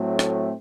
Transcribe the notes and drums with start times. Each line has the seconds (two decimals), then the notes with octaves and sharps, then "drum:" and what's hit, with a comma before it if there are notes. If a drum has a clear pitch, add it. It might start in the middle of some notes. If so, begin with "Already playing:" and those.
Already playing: A2 F#3 A3 C4
0.19 drum: rim click